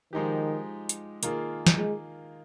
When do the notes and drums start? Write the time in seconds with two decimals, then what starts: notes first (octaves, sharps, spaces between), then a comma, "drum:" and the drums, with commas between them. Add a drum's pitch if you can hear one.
0.13 D#3 F3 G#3 D#4 G4
0.89 drum: hi-hat
1.23 D#3 A#3 F4 G#4, drum: hi-hat
1.67 drum: snare
1.77 G#3